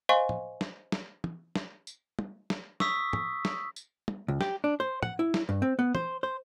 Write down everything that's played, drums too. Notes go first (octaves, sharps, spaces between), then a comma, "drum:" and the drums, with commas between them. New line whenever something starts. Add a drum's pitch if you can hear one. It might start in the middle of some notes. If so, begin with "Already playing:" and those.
C5 D#5 F5 G#5 C6 C#6
drum: tom
drum: snare
drum: snare
drum: tom
drum: snare
drum: tambourine
drum: tom
drum: snare
C#6 D#6 E6 B6, drum: snare
drum: tom
drum: snare
drum: tambourine
drum: tom
C#2
G4, drum: snare
D4
C5
F#5, drum: tom
E4
drum: snare
G2
C4
B3
C5, drum: tom
C5